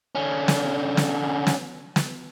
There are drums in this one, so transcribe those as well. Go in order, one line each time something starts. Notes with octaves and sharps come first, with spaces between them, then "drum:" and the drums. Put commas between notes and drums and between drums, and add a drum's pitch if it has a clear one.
D3 C#4
drum: snare
drum: snare
drum: snare
drum: snare